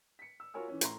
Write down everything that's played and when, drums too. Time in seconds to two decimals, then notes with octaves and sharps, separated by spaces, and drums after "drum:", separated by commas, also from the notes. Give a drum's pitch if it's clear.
0.19 B6 C#7
0.40 E6
0.54 F4 F#4 A#4 C#5 G#5 E6
0.68 E3 C#4
0.81 A2 A#5 C6, drum: hi-hat